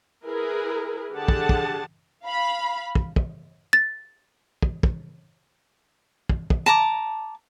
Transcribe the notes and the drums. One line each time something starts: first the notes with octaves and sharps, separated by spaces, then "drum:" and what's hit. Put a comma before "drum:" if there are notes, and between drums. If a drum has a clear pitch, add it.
E4 G#4 A#4 B4
D3 G4 G#4 F#5 A5
drum: kick
drum: kick
F5 B5
drum: kick
drum: kick
A6
drum: kick
drum: kick
drum: kick
drum: kick
A5 A#5 D6